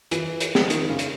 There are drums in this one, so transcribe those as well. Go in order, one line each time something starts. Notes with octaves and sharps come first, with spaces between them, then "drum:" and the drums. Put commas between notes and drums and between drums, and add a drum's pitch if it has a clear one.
E3, drum: hi-hat
drum: hi-hat
drum: snare
D#3, drum: hi-hat
C#3
drum: hi-hat